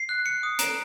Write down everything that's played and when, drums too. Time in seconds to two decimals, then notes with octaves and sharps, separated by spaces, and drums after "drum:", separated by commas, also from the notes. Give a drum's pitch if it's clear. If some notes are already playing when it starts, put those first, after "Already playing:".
Already playing: C7
0.09 F#6
0.26 F#6 C#7
0.43 D#6
0.59 A#5 D7, drum: hi-hat